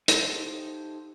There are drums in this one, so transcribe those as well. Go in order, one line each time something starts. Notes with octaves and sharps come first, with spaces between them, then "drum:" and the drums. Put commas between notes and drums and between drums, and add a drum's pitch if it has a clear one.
D#4 G4 A4 C5, drum: hi-hat